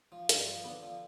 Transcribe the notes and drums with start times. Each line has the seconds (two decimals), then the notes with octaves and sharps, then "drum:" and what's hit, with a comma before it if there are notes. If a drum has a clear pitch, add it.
0.12 F3
0.29 G2, drum: hi-hat
0.47 F3
0.64 D3 B3 D4
0.83 F3